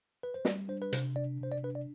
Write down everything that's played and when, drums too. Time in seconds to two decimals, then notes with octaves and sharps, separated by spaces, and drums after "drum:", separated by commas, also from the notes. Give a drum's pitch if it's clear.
0.23 B4
0.34 C5
0.45 G3 D5, drum: snare
0.68 D4 C5
0.82 B4
0.93 C3 C5, drum: hi-hat
1.16 D4 D5
1.41 C3 C5
1.52 D5
1.63 D4 B4
1.75 D5